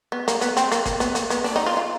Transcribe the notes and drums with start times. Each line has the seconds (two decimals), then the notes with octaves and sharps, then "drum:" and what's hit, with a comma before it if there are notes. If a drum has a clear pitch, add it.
0.12 B3
0.28 A#3, drum: hi-hat
0.41 B3, drum: hi-hat
0.57 C4, drum: hi-hat
0.72 A#3, drum: hi-hat
0.86 A#3, drum: kick, hi-hat
1.00 B3, drum: hi-hat
1.15 A#3, drum: hi-hat
1.30 B3, drum: hi-hat
1.44 D4, drum: open hi-hat
1.56 D#4
1.66 F4
1.77 F4